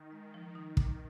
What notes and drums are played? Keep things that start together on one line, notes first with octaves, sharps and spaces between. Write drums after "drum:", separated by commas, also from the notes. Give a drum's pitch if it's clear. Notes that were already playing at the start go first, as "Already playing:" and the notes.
Already playing: D#3
G#3
F3
D#4
A#2, drum: kick